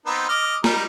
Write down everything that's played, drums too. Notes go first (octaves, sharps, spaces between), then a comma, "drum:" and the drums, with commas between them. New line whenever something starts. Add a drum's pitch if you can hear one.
B3 C4 D#4
D#5 D6 F6
G3 D#4 A#4, drum: snare